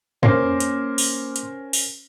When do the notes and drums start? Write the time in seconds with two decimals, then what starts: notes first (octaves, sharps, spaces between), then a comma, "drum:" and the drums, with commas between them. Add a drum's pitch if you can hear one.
0.23 A#3 C#4 A#4 C5 C6 D6, drum: tom
0.60 drum: hi-hat
0.98 drum: open hi-hat
1.36 drum: hi-hat
1.73 drum: open hi-hat